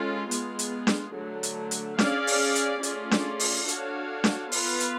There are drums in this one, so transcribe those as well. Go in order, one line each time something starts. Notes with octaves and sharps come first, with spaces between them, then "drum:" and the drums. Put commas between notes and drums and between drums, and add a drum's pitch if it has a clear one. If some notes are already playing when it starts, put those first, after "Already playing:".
Already playing: G#3 C#4 F4 A4
G#3 B3 F4 G#4, drum: hi-hat
drum: hi-hat
drum: snare D4
D3 F#3 A3
drum: hi-hat
drum: hi-hat
C#4 G#4 D5 F5, drum: snare D4
drum: open hi-hat
drum: hi-hat
A3 C#4 F4 G#4 D5, drum: hi-hat
drum: snare D4
drum: open hi-hat
D4 F#4 A4 C#5 F5, drum: hi-hat
drum: snare D4
B3 F4 B4, drum: open hi-hat
drum: hi-hat